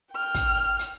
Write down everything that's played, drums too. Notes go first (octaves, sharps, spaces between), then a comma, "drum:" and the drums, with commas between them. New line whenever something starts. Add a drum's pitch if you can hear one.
G5 F6
drum: kick, hi-hat
drum: hi-hat